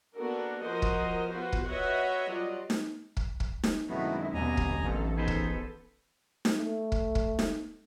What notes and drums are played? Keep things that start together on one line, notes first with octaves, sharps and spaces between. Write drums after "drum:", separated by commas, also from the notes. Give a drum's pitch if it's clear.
A#3 B3 D4 F#4 A4 A#4
F3 F#4 A#4 C5 D#5
drum: kick
B3 F4 F#4 B4 C5
drum: kick
F#4 B4 C#5 D#5 E5 F#5
F#3 G3 F4 D5 D#5
drum: snare D#4
drum: kick
drum: kick
drum: snare D#4
F#2 C3 D#3 G#3 A3 B3 E4 F#4
D#2 B2 D3 B3 D#5 G#5 A#5
drum: kick
A1 D#3 A3 A4
B3 D#4 G#4 A4 B4 C5
drum: kick
drum: snare D#4
A3
drum: kick
drum: kick
drum: snare D#4